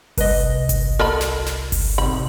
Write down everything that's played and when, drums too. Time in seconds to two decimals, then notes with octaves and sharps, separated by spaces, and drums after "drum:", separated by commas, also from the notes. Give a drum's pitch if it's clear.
0.18 C2 B4 D#5, drum: kick G1, open hi-hat
0.69 drum: kick G1, hi-hat
0.99 A4 A#4 D#5 B5
1.21 drum: snare
1.46 drum: snare
1.72 drum: kick G1, open hi-hat
1.98 A1 C3 D#4 B5